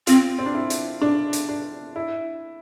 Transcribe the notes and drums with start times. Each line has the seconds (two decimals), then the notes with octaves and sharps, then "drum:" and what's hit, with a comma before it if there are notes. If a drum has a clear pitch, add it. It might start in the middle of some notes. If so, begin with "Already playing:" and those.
0.07 C4 F4, drum: hi-hat
0.38 C4
0.46 D4
0.54 E4
0.70 drum: hi-hat
1.01 D4
1.33 drum: hi-hat
1.49 D4
1.96 E4